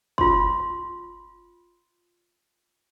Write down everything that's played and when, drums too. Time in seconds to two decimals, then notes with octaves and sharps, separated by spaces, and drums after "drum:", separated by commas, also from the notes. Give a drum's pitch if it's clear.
0.18 F4 C6, drum: kick